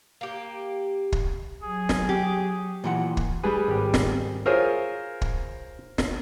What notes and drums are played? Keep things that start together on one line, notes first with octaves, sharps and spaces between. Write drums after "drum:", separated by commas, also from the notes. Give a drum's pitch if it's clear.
A#3 G4
drum: kick
F#3 G#4
drum: snare
G4
A#2 E3 F#5
drum: kick
G3 G#4 B4
G#1 G4
drum: snare
F4 G#4 A#4 C5 C#5 E5
drum: kick
drum: snare